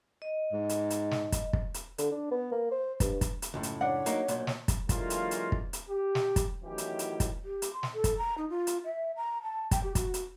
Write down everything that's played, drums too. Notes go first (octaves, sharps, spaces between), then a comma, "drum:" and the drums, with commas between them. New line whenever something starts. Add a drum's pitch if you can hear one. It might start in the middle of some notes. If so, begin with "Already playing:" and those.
D#5
G#2
drum: hi-hat
drum: hi-hat
drum: snare
drum: kick, hi-hat
drum: kick
drum: hi-hat
D3, drum: hi-hat
D4
B3
A#3
C5
G2, drum: kick, hi-hat
drum: kick, hi-hat
drum: hi-hat
C#2 F#2 A2
drum: hi-hat
D4 C#5 F#5
F#3 A#3 D#4, drum: hi-hat
B1 A#2, drum: hi-hat
drum: snare
drum: kick, hi-hat
D3 E3 F#3 G#3 A#3 F4, drum: kick, hi-hat
drum: hi-hat
drum: hi-hat
drum: kick
drum: hi-hat
G4
drum: snare
drum: kick, hi-hat
A2 D#3 E3 F#3 C#4 G4
drum: hi-hat
drum: hi-hat
drum: kick, hi-hat
G4
drum: hi-hat
C6
drum: snare
A4
drum: kick, hi-hat
A#5
D#4
F4
drum: hi-hat
E5
A#5
A5
G5, drum: kick, hi-hat
G4
F#4, drum: kick, hi-hat
drum: hi-hat